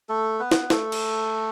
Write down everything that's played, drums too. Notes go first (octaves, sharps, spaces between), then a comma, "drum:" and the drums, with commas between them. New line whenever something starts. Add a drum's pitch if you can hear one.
A3 A4
B3 B4
drum: snare
A3 A4, drum: snare
drum: cymbal